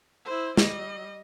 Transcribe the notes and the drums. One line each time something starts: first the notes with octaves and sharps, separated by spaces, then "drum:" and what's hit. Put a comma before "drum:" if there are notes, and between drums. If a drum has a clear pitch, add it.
E4 C5
G3 D#5, drum: snare